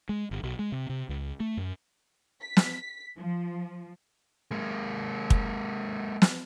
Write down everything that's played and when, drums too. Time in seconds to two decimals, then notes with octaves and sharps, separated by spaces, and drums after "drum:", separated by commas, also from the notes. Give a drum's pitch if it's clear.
0.09 G#3
0.31 G1
0.43 B1
0.59 G#3
0.72 C3
0.89 C3
1.09 C#2
1.40 A3
1.57 F#2
2.41 B6
2.57 drum: snare
3.17 F3
4.51 G#3 A#3
5.30 drum: kick
6.22 drum: snare